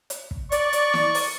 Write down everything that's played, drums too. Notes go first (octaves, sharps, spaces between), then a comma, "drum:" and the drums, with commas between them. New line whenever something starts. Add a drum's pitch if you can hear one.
drum: hi-hat
drum: kick
D5 C#6, drum: hi-hat
drum: hi-hat
drum: snare
drum: open hi-hat